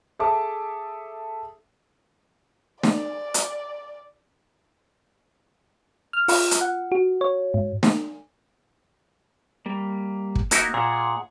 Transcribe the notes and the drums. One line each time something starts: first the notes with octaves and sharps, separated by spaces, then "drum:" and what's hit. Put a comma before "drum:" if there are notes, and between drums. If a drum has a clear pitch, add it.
G#4 A4 E5 A5 D6
D5, drum: snare
drum: hi-hat
F6
F4, drum: open hi-hat
drum: hi-hat
F#5
F#4
C#5
G#2
drum: snare
G3 A#3
drum: kick
A#3 D#4 E4 F#4, drum: hi-hat
A#2 G#4 F#5